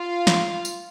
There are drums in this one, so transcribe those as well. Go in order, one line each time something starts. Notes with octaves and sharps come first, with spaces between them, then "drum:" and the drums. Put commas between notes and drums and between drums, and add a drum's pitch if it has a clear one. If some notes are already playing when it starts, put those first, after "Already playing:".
Already playing: F4 F5
drum: snare
drum: tambourine